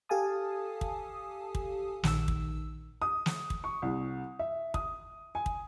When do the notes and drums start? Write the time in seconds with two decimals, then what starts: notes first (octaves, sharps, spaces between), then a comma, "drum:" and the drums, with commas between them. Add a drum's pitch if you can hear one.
0.09 G4 A4 F5 G#5 A5 D#6
0.81 drum: kick
1.55 drum: kick
2.03 A#1 D#3 E6, drum: snare
2.28 drum: kick
3.02 D#6
3.26 drum: snare
3.50 drum: kick
3.64 C#6
3.82 C2
4.39 E5
4.74 D#6, drum: kick
5.35 G#5
5.46 drum: kick